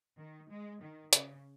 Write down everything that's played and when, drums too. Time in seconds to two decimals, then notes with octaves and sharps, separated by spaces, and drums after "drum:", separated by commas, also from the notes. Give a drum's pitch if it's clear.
0.18 D#3
0.50 G#3
0.82 D#3
1.13 C#3, drum: hi-hat